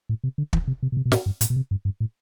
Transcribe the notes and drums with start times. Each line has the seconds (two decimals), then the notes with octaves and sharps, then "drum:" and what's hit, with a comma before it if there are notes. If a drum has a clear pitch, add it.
0.09 A2
0.24 C3
0.38 D3
0.53 E3, drum: kick
0.68 C3
0.83 C3
0.92 B2
0.97 C3
1.06 B2
1.12 A2, drum: snare
1.26 G2
1.41 A2, drum: hi-hat
1.50 B2
1.56 C3
1.71 G2
1.85 G2
2.00 A2